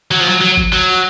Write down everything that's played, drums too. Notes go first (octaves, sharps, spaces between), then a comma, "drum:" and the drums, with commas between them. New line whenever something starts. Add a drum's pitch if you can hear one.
F#3
F3
F#3
F#3
drum: kick G1
F#3